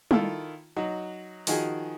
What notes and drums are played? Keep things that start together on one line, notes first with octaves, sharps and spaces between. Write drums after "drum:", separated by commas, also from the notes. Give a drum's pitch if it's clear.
D#3 E4 F4 A4, drum: tom G3
F#3 D#4 F#4
D#3 F3 D#4 F#4 G#4 G#5, drum: open hi-hat